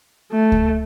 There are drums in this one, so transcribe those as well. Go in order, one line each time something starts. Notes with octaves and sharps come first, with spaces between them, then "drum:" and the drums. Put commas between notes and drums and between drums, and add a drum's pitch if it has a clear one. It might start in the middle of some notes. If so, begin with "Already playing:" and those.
A3
drum: kick C#2